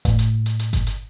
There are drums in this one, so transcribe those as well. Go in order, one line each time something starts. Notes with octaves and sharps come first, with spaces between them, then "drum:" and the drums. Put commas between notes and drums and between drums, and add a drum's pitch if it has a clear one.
A2, drum: kick G1, hi-hat
drum: hi-hat
drum: hi-hat
drum: hi-hat
drum: kick G1, hi-hat
drum: hi-hat